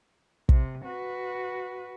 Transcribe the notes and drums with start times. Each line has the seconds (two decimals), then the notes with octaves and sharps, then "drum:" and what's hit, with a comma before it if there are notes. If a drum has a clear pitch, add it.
0.49 C3, drum: kick
0.85 F#4 B4